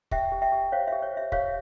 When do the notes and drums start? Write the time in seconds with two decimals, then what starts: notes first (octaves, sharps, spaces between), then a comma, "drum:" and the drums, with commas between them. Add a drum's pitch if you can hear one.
0.11 G4 E5 G5, drum: kick
0.32 G4
0.42 E5 G5
0.52 G4
0.72 C5 C#5 F5
0.87 E5
0.92 G4
1.02 C#5
1.13 C5 E5
1.32 G4 C#5 F5, drum: kick